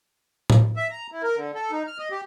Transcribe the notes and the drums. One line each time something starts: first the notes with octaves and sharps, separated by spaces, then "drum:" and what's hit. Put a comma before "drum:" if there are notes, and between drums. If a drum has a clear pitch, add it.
drum: tom A2
E5
A#5
E4
A#4
D3
A4
D#4
F6
D#5
G4